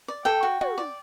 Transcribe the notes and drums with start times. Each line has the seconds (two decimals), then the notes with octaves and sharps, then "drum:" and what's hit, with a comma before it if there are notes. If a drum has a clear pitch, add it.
0.08 D5
0.25 A4 G5
0.43 F#4
0.61 F#4, drum: tom
0.78 D5